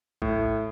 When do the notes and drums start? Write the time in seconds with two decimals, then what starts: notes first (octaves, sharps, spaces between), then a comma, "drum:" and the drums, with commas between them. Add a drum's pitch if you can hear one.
0.22 A2, drum: kick A#1